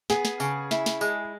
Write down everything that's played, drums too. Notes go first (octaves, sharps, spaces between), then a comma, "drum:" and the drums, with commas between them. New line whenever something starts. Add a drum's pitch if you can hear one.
B3 G#4, drum: snare
drum: snare
C#3, drum: tambourine
E4, drum: snare
drum: snare
G#3, drum: tambourine